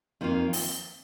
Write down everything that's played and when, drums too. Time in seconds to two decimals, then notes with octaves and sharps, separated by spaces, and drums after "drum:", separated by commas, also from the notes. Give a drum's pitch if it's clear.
0.21 F2 D#3 A#3 F4
0.53 drum: open hi-hat